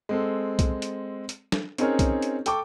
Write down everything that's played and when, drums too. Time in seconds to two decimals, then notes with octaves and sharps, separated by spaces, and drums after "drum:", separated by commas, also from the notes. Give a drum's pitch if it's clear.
0.09 G#3 C4 A4
0.59 drum: kick B1, hi-hat
0.82 drum: hi-hat
1.29 drum: hi-hat
1.52 drum: snare
1.78 C4 C#4 D#4 G#4 A#4 C#5, drum: hi-hat
1.99 drum: kick B1, hi-hat
2.22 drum: hi-hat
2.46 A4 G5 A5 C#6 D6, drum: hi-hat